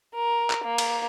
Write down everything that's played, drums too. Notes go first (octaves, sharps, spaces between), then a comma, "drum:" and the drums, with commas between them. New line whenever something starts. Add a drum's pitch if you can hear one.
A#4
drum: clap
A#3
drum: cymbal